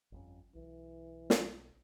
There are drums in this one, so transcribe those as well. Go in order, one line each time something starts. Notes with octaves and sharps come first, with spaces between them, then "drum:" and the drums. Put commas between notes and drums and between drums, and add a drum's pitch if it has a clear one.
G1 F2 C#4
B1 E3
drum: snare